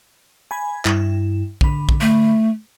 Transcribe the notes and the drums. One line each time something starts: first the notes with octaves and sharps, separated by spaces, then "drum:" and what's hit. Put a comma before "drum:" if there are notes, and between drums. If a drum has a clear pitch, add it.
G#5 B5 G#6
G2 E4, drum: clap
D3 B5, drum: kick
drum: kick
A3